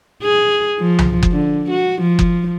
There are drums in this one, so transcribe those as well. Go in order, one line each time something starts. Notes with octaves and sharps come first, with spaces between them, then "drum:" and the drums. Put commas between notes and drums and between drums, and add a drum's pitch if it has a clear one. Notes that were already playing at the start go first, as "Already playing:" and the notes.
G#4
F3
drum: tom C2
drum: kick F#1
D3
F#4
F3
drum: kick F#1